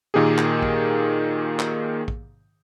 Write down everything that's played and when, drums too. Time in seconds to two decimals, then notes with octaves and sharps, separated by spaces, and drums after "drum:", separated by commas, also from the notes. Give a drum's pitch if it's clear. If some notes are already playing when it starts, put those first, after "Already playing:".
0.14 A#2 D#3 A#3 G4 G#4
0.38 drum: clap
0.62 drum: kick
1.59 drum: clap
2.08 drum: kick